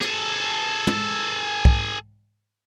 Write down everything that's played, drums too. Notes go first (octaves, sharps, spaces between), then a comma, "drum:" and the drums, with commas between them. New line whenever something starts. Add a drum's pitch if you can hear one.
G#4 A4, drum: rim click
drum: tom
drum: kick